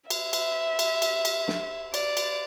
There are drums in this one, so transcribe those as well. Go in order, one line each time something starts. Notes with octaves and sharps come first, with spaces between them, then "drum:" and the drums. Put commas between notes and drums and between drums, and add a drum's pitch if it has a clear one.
E5, drum: cymbal
drum: cymbal
drum: cymbal
drum: cymbal
drum: cymbal
drum: snare
D5, drum: cymbal
drum: cymbal